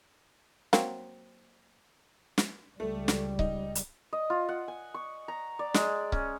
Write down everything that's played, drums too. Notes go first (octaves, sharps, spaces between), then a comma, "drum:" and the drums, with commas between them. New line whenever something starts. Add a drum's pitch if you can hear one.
F#3 A#3 C4, drum: snare
drum: snare
C#2 G3 A3
drum: snare
D#4, drum: kick C#1
drum: hi-hat
D#5
F4
F#5
G#5
C#6
A#5
D5
G#3, drum: snare
C#4, drum: kick C#1